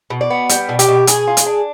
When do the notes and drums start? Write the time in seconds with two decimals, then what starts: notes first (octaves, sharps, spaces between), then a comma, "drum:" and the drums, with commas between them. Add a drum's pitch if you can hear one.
0.10 B2
0.21 D5
0.30 B3
0.49 G3, drum: hi-hat
0.69 B2
0.79 G4, drum: hi-hat
0.89 B2
1.07 B2 G#4, drum: hi-hat
1.27 F4
1.37 drum: hi-hat
1.46 D4